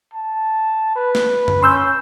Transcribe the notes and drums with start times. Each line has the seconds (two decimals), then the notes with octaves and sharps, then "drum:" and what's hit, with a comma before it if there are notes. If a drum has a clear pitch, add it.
0.14 A5
0.95 B4
1.15 drum: snare
1.48 drum: tom F#2
1.62 C#4 C6 E6 G6